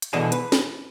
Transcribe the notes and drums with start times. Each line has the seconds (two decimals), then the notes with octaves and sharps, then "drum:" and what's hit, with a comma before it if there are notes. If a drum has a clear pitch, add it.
0.02 drum: hi-hat
0.13 B2 D3 E3 G#4 D#5 A5
0.32 B4, drum: hi-hat
0.52 drum: snare